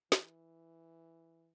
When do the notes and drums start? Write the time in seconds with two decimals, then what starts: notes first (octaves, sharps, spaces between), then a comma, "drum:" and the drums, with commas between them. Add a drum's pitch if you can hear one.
0.12 E3, drum: snare